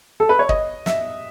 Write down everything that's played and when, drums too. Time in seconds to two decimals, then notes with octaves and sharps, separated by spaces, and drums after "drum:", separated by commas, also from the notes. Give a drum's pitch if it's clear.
0.20 A4
0.29 B4
0.39 C#5
0.49 D#5, drum: kick
0.86 E5, drum: snare